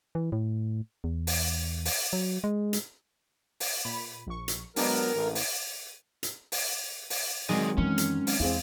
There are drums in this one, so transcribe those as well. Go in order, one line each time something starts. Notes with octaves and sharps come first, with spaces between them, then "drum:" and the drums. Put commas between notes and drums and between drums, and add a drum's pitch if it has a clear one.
E3
A2
E2
drum: open hi-hat
drum: open hi-hat
F#3
G#3
drum: hi-hat
drum: open hi-hat
A#2 B5
A#1 C#6
drum: hi-hat
F#3 G#3 B3 D4 G4 A#4, drum: open hi-hat
A1
drum: open hi-hat
drum: hi-hat
drum: open hi-hat
drum: open hi-hat
D#3 F#3 G#3 C4 G#4 D5 D#5
F#2 E3 C#4
drum: hi-hat
drum: open hi-hat
E2 E3 G#3 C4 F5